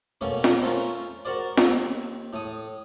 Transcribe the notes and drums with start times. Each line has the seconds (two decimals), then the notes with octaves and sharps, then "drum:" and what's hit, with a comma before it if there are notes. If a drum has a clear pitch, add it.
0.21 B2 A3 A#3 C#4
0.44 drum: snare
0.62 A3 C#4 F4 A4 A#4 C5
1.25 F#4 A#4 C5 D5
1.57 D#2 C4, drum: snare
2.33 A2 D#6